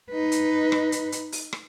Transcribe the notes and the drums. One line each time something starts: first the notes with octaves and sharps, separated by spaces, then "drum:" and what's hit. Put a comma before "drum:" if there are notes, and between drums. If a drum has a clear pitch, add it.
D#4 B4
drum: hi-hat
drum: rim click
drum: hi-hat
drum: hi-hat
drum: open hi-hat
drum: rim click